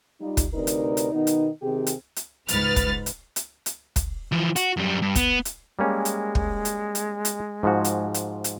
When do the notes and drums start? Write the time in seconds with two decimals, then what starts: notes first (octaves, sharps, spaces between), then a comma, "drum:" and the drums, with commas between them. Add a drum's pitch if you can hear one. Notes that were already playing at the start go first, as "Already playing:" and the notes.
0.21 G3 D#4 F4
0.37 drum: kick, hi-hat
0.53 D2 C3 D#4 A#4 B4 D5
0.67 drum: hi-hat
0.97 drum: hi-hat
1.13 B2 D#3 B3 D#4
1.27 drum: hi-hat
1.62 C3 D#3 C4 G4 G#4
1.87 drum: hi-hat
2.16 drum: hi-hat
2.48 C#2 G#2 B4 F6 A6, drum: hi-hat
2.76 drum: kick, hi-hat
3.06 drum: hi-hat
3.36 drum: hi-hat
3.66 drum: hi-hat
3.96 drum: kick, hi-hat
4.32 E3 F3
4.56 F#4, drum: hi-hat
4.77 F#2 G3
5.02 G2
5.15 B3, drum: kick, hi-hat
5.45 drum: hi-hat
5.79 G3 G#3 A#3 C#4
6.05 drum: hi-hat
6.35 drum: kick
6.65 drum: hi-hat
6.95 drum: hi-hat
7.25 drum: hi-hat
7.63 G#2 F3 F#4
7.84 drum: hi-hat
8.14 drum: hi-hat
8.44 drum: hi-hat